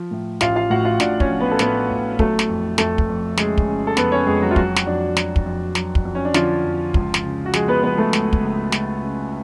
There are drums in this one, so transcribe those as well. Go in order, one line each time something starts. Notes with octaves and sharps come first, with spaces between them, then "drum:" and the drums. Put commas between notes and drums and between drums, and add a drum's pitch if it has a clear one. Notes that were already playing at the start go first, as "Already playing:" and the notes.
Already playing: F3
A2
A1 F4 F5, drum: snare
F4 F5
A2 F#4 F#5
F4 F5
A2 D4 D5, drum: snare
C#4 C#5, drum: kick
F3
B3 B4
A4
A2 B3 B4, drum: snare
A1
F#3 A3 A4, drum: kick
drum: snare
F2
F2 A3 A4, drum: snare
drum: kick
F2
C#3 G#3 G#4, drum: snare
drum: kick
C#3
A4
F2 B3 B4, drum: snare
C#4 C#5
F2 G#3 G#4
F#3 F#4
F4
F#3 F#4, drum: kick
drum: snare
F2 D4
F#3, drum: snare
drum: kick
F2
F#3, drum: snare
drum: kick
F2
C#4
D4
D3 F3 F4, drum: snare
F2
C#2, drum: kick
drum: snare
C#3
F#4
F3 G#3 G#4, drum: snare
B3 B4
F3 B3 B4
A3 A4
C#2, drum: snare
drum: kick
C#2
C#2, drum: snare
C#3